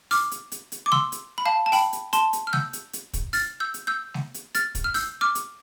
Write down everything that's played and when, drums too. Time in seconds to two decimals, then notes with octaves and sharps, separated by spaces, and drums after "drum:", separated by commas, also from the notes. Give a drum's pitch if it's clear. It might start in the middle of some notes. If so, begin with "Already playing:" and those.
0.11 D6 F6, drum: open hi-hat
0.31 drum: hi-hat
0.52 drum: hi-hat
0.72 drum: hi-hat
0.86 D6
0.92 C6 E6, drum: snare
1.12 drum: hi-hat
1.38 B5
1.46 F5 A5
1.66 A5
1.72 G5 B5, drum: open hi-hat
1.93 drum: hi-hat
2.13 A5 C6, drum: hi-hat
2.33 drum: hi-hat
2.47 F6
2.53 E6 G6, drum: snare
2.73 drum: hi-hat
2.93 drum: hi-hat
3.14 drum: kick, hi-hat
3.33 F6 A6, drum: open hi-hat
3.60 E6 G6
3.74 drum: hi-hat
3.87 E6 G6
4.14 drum: snare
4.34 drum: hi-hat
4.55 F6 A6, drum: hi-hat
4.75 drum: kick, hi-hat
4.84 F6
4.94 E6 G6, drum: open hi-hat
5.21 D6 F6
5.35 drum: hi-hat